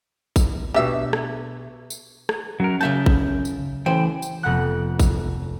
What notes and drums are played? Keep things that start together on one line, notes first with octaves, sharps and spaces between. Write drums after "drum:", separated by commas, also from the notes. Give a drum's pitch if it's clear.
drum: kick A1, tambourine
B2 D4 G4 E5
drum: rim click
drum: tambourine
drum: rim click
F#2 F#3 A#4
C#3 E5 A5 G6
drum: kick A1
drum: tambourine
A1 E3 C5 G5
drum: tambourine
F1 B3 A4 F#5 F#6
drum: kick A1, tambourine